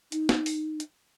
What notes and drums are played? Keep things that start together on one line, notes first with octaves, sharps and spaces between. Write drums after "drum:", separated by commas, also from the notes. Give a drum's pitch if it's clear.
D#4, drum: hi-hat
drum: snare
drum: open hi-hat
drum: hi-hat